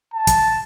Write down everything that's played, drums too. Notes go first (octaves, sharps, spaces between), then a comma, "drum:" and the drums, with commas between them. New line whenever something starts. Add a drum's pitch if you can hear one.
A5
drum: kick, hi-hat